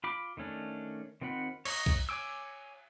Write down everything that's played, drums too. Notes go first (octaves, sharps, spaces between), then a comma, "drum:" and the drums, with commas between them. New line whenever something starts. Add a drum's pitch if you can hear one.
F4 B5 D6
D#3 A3 C#4 D4
D#3 C4 F4 F#5 B5
C#5 D#5 A#5 C#6, drum: cymbal
drum: kick B1
C#5 G#5 D6 E6